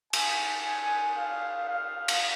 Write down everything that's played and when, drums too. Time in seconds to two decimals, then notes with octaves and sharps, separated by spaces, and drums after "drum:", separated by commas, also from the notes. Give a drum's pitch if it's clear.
0.13 G#5, drum: cymbal
1.17 F5
1.69 F5
2.08 drum: cymbal